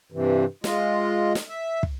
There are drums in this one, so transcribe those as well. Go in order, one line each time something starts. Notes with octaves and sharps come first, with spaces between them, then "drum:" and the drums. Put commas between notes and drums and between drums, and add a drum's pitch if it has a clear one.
G2 C3 E3
G#3 F4 D#5, drum: snare
drum: snare
E5
drum: kick